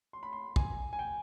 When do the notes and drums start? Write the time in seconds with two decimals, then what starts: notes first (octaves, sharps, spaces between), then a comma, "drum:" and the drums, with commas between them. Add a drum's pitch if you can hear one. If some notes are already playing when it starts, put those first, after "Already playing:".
0.13 C6
0.23 B5
0.33 C6
0.56 G#5, drum: kick
0.93 G#5
0.99 G5